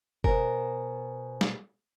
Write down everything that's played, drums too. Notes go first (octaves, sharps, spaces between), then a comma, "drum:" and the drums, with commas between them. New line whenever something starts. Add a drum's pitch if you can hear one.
B2 A#4 C5 G#5, drum: kick F#1
drum: snare